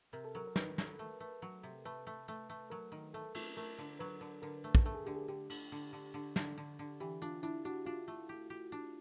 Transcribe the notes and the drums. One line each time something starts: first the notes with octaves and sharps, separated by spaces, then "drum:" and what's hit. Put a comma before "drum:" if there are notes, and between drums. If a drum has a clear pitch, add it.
C3 A#4
A4
F#3 A#4
A#4
D#3 B4, drum: snare
F#3, drum: snare
A3
A3
F#3
C3
A3 B4
A3
A3
A3
F#3 A#4
D#3
A3 A4
A3, drum: cymbal
A3 A#4
D3
F#3 B4
D3
D3 A#4
A3
drum: kick
A3 A4
G#4
D3 G4
G#4
D3 G4
D3, drum: cymbal
D3
D3
D3
D3, drum: snare
D3
D3
E3 G4
D4 F4
D4 E4
D4 F#4
D4 F4
A3
G4
G4
D4